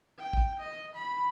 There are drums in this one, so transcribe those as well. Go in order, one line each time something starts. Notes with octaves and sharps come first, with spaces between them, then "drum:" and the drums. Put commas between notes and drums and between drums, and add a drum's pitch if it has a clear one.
G5
drum: kick
D#5
B5